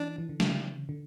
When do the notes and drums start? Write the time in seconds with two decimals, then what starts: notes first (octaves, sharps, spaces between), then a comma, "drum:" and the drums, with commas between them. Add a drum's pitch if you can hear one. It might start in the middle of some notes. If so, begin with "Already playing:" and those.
Already playing: E3 D4
0.18 E3
0.29 D3
0.40 C#3, drum: snare
0.89 D3